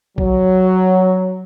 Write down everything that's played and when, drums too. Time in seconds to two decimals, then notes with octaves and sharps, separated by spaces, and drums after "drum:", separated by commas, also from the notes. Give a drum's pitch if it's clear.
0.18 F#3, drum: kick B1